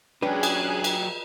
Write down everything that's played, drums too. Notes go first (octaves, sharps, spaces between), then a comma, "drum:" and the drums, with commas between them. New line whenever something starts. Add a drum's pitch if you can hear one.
F#3 C#4 D4 G4 G#4 B4 G#5 F#6
drum: cymbal
drum: cymbal